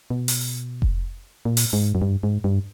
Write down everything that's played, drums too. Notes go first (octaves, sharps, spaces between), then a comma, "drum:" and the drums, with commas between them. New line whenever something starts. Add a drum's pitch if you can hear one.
B2
drum: open hi-hat
drum: kick F1
A#2
drum: open hi-hat
G#2
F#2
G2
G#2
G2